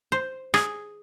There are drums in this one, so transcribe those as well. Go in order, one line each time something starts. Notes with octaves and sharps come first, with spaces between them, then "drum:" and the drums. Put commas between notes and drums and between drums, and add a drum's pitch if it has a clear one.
C5
G#4, drum: rim click